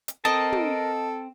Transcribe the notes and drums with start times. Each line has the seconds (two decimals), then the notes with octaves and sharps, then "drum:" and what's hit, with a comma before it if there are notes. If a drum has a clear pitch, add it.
0.08 drum: hi-hat
0.25 C4 A4 A#4 D#5 A5
0.52 drum: tom